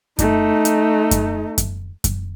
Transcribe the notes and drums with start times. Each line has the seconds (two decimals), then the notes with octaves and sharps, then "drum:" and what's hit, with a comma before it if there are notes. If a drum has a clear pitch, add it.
0.19 A3 D#4, drum: kick F#2, hi-hat
0.65 drum: hi-hat
1.11 drum: kick F#2, hi-hat
1.58 drum: kick F#2, hi-hat
2.04 drum: kick F#2, hi-hat